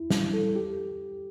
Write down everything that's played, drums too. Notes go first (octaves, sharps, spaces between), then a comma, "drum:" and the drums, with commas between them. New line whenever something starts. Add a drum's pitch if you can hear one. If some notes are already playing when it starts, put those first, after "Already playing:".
Already playing: E4
G3, drum: snare
A4
G4